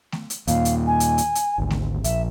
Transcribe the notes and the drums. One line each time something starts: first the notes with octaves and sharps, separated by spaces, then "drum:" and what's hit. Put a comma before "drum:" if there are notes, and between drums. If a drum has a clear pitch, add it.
drum: snare A3
drum: hi-hat
D#2 A#2 F5, drum: hi-hat
drum: hi-hat
G#5
drum: hi-hat
drum: hi-hat
drum: hi-hat
G#1 D2
drum: snare A3
A#1 E5, drum: hi-hat